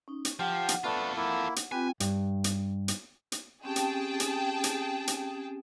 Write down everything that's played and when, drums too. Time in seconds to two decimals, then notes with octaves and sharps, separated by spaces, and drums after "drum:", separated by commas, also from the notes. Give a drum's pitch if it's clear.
0.08 C#4 D#4
0.25 drum: hi-hat
0.39 F3 G4 F5 F#5
0.69 drum: hi-hat
0.84 A3 B3 D4 F4 A4
1.17 A#3 E4
1.56 drum: hi-hat
1.72 C4 F4 G4 B4 G5 G#5
2.00 G2, drum: hi-hat
2.44 drum: hi-hat
2.88 drum: hi-hat
3.32 drum: hi-hat
3.64 C4 C#4 G4 G#4 G5 A5
3.76 drum: hi-hat
4.20 drum: hi-hat
4.64 drum: hi-hat
5.07 drum: hi-hat